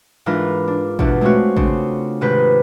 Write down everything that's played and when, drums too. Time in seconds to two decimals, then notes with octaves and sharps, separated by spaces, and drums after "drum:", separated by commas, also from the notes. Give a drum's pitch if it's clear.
0.26 G#2 E3 D4 F4 A#4 B5
0.68 D4
0.99 E2 B2 E3 D4, drum: kick G#1
1.21 G#3 A3 C4 C#4 F4 F#4
1.57 C#3 C4 D4 C6, drum: kick G#1
2.21 G#2 C3 D#3 G4 B4 G6